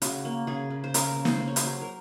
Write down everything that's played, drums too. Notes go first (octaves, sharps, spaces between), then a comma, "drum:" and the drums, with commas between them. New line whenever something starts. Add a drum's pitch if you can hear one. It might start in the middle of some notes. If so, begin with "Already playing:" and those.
C#3 F#4, drum: hi-hat
A#3
C#3 G#4
C#3
C5
C#3 A#4, drum: hi-hat
C#3
C5, drum: snare
A#3
C#5
C5, drum: hi-hat
F#3
A#4